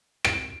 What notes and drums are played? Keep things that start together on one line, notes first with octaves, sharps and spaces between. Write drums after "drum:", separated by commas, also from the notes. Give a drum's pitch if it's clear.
D7, drum: rim click